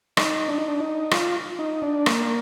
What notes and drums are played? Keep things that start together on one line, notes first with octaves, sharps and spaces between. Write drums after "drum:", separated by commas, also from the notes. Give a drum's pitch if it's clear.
D#4, drum: rim click
D4
D#4
D4
D#4
F4, drum: rim click
D#4
D4
A#3, drum: rim click